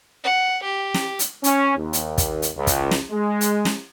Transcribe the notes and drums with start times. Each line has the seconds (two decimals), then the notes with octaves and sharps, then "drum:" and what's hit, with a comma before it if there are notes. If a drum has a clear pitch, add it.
0.24 F#5
0.63 G4
0.95 drum: snare
1.19 drum: hi-hat
1.44 C#4, drum: hi-hat
1.76 D#2
1.93 drum: hi-hat
2.18 drum: kick, hi-hat
2.42 drum: hi-hat
2.56 C#2
2.67 drum: kick, hi-hat
2.91 drum: snare
3.11 G#3
3.41 drum: hi-hat
3.65 drum: snare